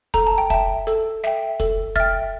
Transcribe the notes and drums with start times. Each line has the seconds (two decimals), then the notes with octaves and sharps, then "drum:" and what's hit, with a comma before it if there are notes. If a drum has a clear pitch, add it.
0.14 A4 A#5, drum: kick, hi-hat
0.27 A5
0.38 G5
0.50 E5 G5 A5, drum: kick, hi-hat
0.87 A4, drum: hi-hat
1.24 E5 G5, drum: snare
1.60 A4, drum: kick, hi-hat
1.96 E5 G5 F6 A6, drum: kick, hi-hat